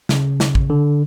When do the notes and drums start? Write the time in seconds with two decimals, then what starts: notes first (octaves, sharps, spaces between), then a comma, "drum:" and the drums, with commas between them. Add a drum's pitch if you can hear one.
0.09 C#3, drum: snare
0.40 drum: snare
0.55 drum: kick
0.70 D3